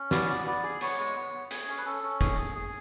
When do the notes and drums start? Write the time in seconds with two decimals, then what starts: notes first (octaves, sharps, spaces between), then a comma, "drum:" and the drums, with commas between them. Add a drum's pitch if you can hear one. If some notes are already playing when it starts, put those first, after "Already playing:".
Already playing: C#4
0.11 B3 D5, drum: snare
0.29 B3
0.46 B3 D5
0.63 G#4
0.81 B3 C#5, drum: hi-hat
0.99 G#3
1.16 B3
1.34 B3
1.51 G#4 C#5, drum: hi-hat
1.68 C#4
1.78 B4
1.86 C#4 A4
2.03 C#4
2.21 G#4, drum: kick, hi-hat
2.39 G#4
2.55 G#4